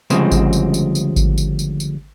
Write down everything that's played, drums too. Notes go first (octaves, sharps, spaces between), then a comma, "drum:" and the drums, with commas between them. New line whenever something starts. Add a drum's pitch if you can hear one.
D2 C#3 F3 G3 G#3 C4, drum: tambourine
drum: kick G#1, tambourine
drum: tambourine
drum: tambourine
drum: tambourine
drum: kick G#1, tambourine
drum: tambourine
drum: tambourine
drum: tambourine